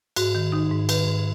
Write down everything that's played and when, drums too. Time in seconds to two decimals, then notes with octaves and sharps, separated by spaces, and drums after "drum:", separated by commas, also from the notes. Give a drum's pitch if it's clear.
0.16 G#2 F#4, drum: cymbal
0.35 D#3
0.52 D#3 D#4
0.71 G#2
0.89 D#3 B4, drum: cymbal
1.07 G#2